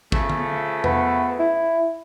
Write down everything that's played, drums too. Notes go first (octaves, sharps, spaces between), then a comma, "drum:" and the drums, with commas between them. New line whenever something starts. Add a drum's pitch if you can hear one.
C#3 F3 A3, drum: kick
drum: tom D3
B3, drum: tom E2
E4